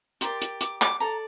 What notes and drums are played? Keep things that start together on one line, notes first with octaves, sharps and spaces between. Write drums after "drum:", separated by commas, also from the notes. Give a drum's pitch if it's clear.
G4 A#4 D5 C6, drum: hi-hat
drum: hi-hat
D6, drum: hi-hat
D6, drum: clap
A4 D5 A#5